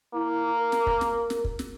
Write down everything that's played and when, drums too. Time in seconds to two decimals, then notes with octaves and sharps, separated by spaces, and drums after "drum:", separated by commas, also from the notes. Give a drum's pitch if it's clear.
0.14 A#3 E4
0.58 A#4
0.72 drum: snare
0.87 drum: kick
1.01 drum: snare
1.30 drum: snare
1.44 drum: kick
1.59 drum: snare